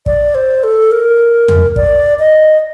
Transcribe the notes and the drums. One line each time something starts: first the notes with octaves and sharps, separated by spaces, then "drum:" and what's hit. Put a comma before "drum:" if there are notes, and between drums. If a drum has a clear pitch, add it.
D5, drum: kick
C5
A4
A#4
drum: tom E2
D5, drum: kick
D#5